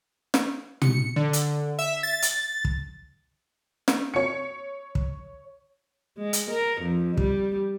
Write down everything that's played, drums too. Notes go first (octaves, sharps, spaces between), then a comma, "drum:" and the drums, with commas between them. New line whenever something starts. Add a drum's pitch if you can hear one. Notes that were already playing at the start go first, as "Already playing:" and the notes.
drum: snare
C#7, drum: tom
D3
drum: hi-hat
E5
A6
drum: hi-hat
drum: kick
drum: snare
C#5 C#7
drum: kick
G#3
drum: hi-hat
A#4
F2
G3, drum: kick